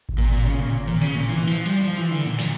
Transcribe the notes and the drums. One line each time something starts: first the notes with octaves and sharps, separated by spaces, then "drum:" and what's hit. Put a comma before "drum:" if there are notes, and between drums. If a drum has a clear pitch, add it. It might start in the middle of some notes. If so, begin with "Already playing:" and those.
drum: kick G#1
A#2
A#2
C#3
A#2
A#2, drum: tom D3
C#3
A#2
E3
F3
G3
F3
E3
D3
A#2
A#2, drum: snare